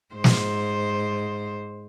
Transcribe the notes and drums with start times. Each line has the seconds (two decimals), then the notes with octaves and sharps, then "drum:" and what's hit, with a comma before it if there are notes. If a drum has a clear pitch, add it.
0.15 G#2 C5
0.24 drum: snare